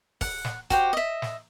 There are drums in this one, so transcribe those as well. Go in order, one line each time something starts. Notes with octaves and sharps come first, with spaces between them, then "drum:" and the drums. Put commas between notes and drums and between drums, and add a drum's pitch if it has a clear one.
F#5, drum: kick, open hi-hat
drum: snare
F#4 G4 C5, drum: kick, hi-hat
D#5 E5
drum: snare